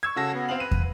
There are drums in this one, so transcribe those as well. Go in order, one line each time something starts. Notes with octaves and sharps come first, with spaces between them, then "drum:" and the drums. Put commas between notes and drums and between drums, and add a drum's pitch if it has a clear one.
C#6 E6 G#6
C#3 F#4 A4 E6 A#6
B3
C4 F5 F#7
B4 D#7
drum: kick